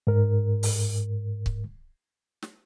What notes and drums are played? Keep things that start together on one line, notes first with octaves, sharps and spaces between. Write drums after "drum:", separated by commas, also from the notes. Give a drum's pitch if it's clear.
G#2 A#4
drum: open hi-hat
drum: kick C#1
drum: snare